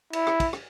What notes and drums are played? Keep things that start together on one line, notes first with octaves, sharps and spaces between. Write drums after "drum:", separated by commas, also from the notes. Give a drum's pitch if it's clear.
E4, drum: cymbal
drum: rim click
drum: kick, cymbal
drum: rim click